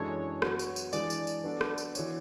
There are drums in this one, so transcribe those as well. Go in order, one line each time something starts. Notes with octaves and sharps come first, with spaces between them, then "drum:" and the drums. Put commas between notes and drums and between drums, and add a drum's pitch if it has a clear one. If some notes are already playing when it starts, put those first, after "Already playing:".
Already playing: F#2 E3 G#3 D4 A4 C#5
F#3 B3 F#4, drum: rim click
drum: tambourine
drum: tambourine
E3 G#3 D4 G#4 D5, drum: tambourine
drum: tambourine
drum: tambourine
F#3 B3 D4 F#4 A4
drum: rim click
drum: tambourine
E3 B3 F#4 C#5, drum: tambourine